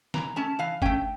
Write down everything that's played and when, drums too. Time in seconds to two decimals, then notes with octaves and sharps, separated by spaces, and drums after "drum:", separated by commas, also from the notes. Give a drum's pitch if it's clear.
0.14 E3 A#5, drum: snare
0.36 A3 C#4 A5
0.59 E3 F5
0.82 A3 C#4 G5, drum: kick G1